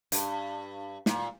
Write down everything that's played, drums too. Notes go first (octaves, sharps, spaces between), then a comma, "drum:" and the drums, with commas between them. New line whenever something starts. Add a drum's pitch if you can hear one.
G2, drum: hi-hat
A#2, drum: snare